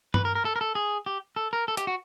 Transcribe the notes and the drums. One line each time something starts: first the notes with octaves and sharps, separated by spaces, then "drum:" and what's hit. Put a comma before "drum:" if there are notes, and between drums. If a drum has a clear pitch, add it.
B4, drum: tom G2
A#4
A#4
A4
A#4
A4
G#4
G4
A4
A#4
A4
G4, drum: hi-hat
F#4